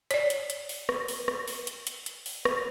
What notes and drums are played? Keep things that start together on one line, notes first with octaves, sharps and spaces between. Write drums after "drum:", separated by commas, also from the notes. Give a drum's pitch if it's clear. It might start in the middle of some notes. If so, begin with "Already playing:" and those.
C#5 D5, drum: hi-hat
drum: hi-hat
drum: hi-hat
drum: open hi-hat
drum: rim click
drum: open hi-hat
drum: rim click
drum: open hi-hat
drum: hi-hat
drum: hi-hat
drum: hi-hat
drum: open hi-hat
drum: rim click